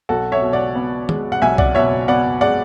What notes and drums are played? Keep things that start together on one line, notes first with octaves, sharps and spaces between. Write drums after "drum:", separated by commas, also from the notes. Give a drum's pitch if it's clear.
B1 F#4 A4
C#5 E5
B2
D5 F#5
B3
G#3, drum: tom
F#5
B1 E5 G#5
D5 F#5, drum: kick C2
B2 C#5 E5
B3 D5 F#5
G#3 D5 F#5